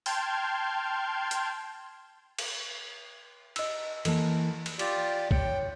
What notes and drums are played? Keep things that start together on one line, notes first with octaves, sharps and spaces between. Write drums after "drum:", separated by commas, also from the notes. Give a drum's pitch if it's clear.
G5 A5 C6 F6 G6 G#6, drum: open hi-hat
drum: hi-hat
drum: cymbal
D#5 E6, drum: cymbal
E3 A#3 A4 D#5 A5, drum: cymbal
drum: cymbal
F4 G4 D5, drum: cymbal
C#5 G5, drum: kick B1